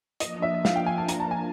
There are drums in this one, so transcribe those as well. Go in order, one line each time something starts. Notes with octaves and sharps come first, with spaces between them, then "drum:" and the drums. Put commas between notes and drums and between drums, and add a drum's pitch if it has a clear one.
F3 A#3 D4 F4 D#5, drum: hi-hat
E5
F5, drum: snare
G5
G#5
A5
A#5, drum: hi-hat
A5
G#5